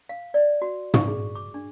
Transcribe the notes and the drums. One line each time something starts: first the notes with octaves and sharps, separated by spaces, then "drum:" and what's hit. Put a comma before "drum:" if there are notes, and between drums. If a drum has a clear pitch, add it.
F5
D5
F#4
C#6, drum: tom
G#4
D6
D4